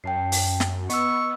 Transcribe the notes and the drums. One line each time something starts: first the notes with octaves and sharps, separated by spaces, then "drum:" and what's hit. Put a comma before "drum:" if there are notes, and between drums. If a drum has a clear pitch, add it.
F#2 G5 A5 C7
drum: open hi-hat
drum: snare
B3 D#5 C#6 E6, drum: hi-hat